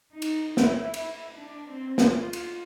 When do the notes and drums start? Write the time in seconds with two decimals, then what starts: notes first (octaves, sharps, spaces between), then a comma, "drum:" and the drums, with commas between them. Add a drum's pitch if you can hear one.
0.12 D#4
0.22 drum: cymbal
0.57 E4, drum: snare
0.94 E4, drum: cymbal
1.35 D4
1.71 C4
1.98 drum: snare
2.07 F4
2.33 drum: cymbal